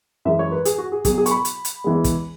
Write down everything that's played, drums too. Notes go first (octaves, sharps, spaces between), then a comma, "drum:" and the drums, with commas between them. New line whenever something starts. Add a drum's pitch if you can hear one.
F#2 E3 G#3 E5
C#5
B4
G#4, drum: hi-hat
F#4
G#4
B2 F#3 G#4, drum: kick, hi-hat
G#4
C#6, drum: hi-hat
B5
drum: hi-hat
drum: hi-hat
E2 E3 G#3
drum: kick, hi-hat